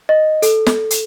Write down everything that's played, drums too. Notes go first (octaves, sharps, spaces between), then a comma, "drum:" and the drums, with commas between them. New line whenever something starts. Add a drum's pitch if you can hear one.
D#5
A4, drum: hi-hat
drum: snare
drum: hi-hat